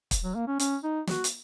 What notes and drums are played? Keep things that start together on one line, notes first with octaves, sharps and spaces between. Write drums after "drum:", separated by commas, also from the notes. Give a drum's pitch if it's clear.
drum: kick, hi-hat
F#3
A#3
C#4
C#4, drum: hi-hat
D#4
F#4, drum: snare
drum: hi-hat